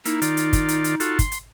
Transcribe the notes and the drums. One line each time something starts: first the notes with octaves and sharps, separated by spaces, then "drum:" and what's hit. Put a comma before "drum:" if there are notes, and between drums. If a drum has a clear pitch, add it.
A#3 D#4 E4, drum: hi-hat
D#3 F4 D5, drum: hi-hat
drum: hi-hat
drum: kick, hi-hat
drum: hi-hat
drum: hi-hat
F4 F#4 A4, drum: hi-hat
C6, drum: kick, hi-hat
drum: hi-hat